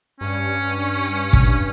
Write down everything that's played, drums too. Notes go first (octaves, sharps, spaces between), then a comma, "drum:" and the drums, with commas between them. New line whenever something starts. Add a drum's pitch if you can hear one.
G2 C#4
drum: kick